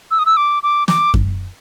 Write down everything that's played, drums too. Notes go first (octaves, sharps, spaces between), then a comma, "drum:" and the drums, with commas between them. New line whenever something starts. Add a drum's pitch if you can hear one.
E6
D#6
E6
D6
D6
D6, drum: snare
drum: kick F#2